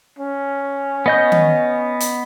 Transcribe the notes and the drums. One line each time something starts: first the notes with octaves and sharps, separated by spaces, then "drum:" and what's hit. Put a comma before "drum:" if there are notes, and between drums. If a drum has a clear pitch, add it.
C#4
B3 D#5 G6
drum: tom D#3
drum: hi-hat